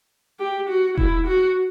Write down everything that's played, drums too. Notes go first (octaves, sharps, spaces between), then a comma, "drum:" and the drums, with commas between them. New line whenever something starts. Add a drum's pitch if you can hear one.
G4
F#4
E4, drum: kick E1
F#4